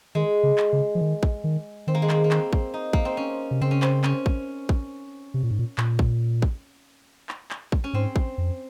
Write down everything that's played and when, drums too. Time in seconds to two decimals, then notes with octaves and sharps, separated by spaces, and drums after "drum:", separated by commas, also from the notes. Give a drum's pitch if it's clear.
0.15 D#3 G#3
0.43 C#3
0.58 drum: clap
0.73 C#3
0.95 F3
1.01 D#3
1.23 drum: kick
1.44 D#3
1.87 D#3 C4
1.95 A#3
2.02 G#3
2.09 A#3, drum: clap
2.24 A#3
2.31 C4, drum: clap
2.53 drum: kick
2.74 D#4
2.93 A#3, drum: kick
3.05 C4
3.17 C#4
3.51 C3
3.61 C#3 C4
3.71 C#4
3.82 C4, drum: clap
4.04 C#4, drum: clap
4.26 drum: kick
4.69 drum: kick
5.34 C3
5.43 A#2
5.51 G#2
5.59 A#2
5.78 A#2, drum: clap
5.99 drum: kick
6.42 drum: kick
7.29 drum: clap
7.51 drum: clap
7.72 drum: kick
7.84 C#4
7.93 G#2 C4
8.16 drum: kick
8.38 F2